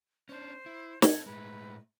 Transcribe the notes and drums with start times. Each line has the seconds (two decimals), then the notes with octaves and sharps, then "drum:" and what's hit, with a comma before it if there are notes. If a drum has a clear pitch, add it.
0.29 C#4 D4 C5
0.66 E4
1.02 C4 A4 G#6, drum: snare
1.26 A2 G#3 B4